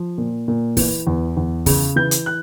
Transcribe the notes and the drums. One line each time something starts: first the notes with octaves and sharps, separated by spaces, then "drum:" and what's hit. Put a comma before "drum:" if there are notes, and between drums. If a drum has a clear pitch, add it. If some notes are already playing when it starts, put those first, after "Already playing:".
Already playing: F3
A#2
A#2
E3, drum: kick, open hi-hat
E2
E2
C#3, drum: kick, open hi-hat
E3 G6
drum: hi-hat
F#6